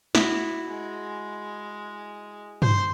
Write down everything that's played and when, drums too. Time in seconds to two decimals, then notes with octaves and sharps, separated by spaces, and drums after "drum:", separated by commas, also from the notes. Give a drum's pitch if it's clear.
0.15 E4 F#4, drum: snare
0.68 G#3
2.62 C5, drum: tom